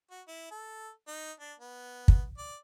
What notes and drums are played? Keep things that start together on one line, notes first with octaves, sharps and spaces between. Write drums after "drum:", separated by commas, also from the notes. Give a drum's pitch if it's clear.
F#4
E4
A4
D#4
D4
B3
drum: kick
D5